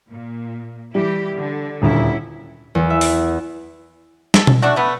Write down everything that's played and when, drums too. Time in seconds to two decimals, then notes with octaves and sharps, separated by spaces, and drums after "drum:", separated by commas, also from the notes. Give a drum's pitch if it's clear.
0.10 A#2
0.95 E3 G3 E4 G4
1.35 D3
1.82 D#1 D2 C#4 E4
2.75 E2
2.90 E5
3.01 drum: open hi-hat
4.34 A4, drum: snare
4.47 drum: tom B2
4.62 A3 D4 F#4
4.76 A3 B3